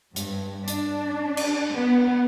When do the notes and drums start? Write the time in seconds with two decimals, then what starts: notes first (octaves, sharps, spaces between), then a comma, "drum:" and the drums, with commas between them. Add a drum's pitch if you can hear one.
0.16 G2, drum: hi-hat
0.68 D4, drum: hi-hat
1.37 drum: cymbal
1.75 B3